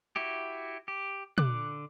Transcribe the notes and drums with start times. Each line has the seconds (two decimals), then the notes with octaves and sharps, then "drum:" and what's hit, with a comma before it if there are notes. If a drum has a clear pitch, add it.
0.16 E4 F#4 G4
0.88 G4
1.38 D3 D6 F#6, drum: tom